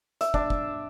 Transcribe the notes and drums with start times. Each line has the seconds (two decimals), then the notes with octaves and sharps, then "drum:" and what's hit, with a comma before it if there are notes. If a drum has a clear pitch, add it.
0.21 E5, drum: hi-hat
0.34 D4, drum: kick
0.50 drum: kick